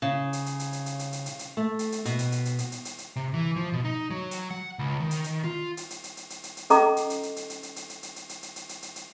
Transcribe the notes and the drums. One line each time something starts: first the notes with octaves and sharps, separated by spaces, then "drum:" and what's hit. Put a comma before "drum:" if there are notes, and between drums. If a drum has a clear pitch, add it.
C#3
drum: hi-hat
drum: hi-hat
drum: hi-hat
drum: hi-hat
drum: hi-hat
drum: hi-hat
drum: hi-hat
drum: hi-hat
drum: hi-hat
A3
drum: hi-hat
drum: hi-hat
B2, drum: hi-hat
drum: hi-hat
drum: hi-hat
drum: hi-hat
drum: hi-hat
drum: hi-hat
drum: hi-hat
drum: hi-hat
C3
E3
F3
B2
D#4
F#3
drum: hi-hat
F#5
C#2
D#3
drum: hi-hat
drum: hi-hat
F4
drum: hi-hat
drum: hi-hat
drum: hi-hat
drum: hi-hat
drum: hi-hat
drum: hi-hat
drum: hi-hat
C#4 A4 D#5 A#5 D6, drum: hi-hat
drum: hi-hat
drum: hi-hat
drum: hi-hat
drum: hi-hat
drum: hi-hat
drum: hi-hat
drum: hi-hat
drum: hi-hat
drum: hi-hat
drum: hi-hat
drum: hi-hat
drum: hi-hat
drum: hi-hat
drum: hi-hat
drum: hi-hat
drum: hi-hat